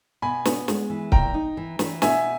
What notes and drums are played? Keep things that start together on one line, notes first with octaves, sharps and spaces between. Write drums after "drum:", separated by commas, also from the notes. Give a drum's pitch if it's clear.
B2 G#5 B5
B3, drum: snare
G#3, drum: snare
E3
A#2 G5 A#5, drum: kick C#1
D#4
E3
E3, drum: snare
B2 E5 G#5, drum: snare